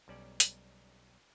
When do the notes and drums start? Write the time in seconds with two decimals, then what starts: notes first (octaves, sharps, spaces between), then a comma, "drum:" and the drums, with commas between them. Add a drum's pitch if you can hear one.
0.08 B1 G3 C#4 D5
0.40 drum: hi-hat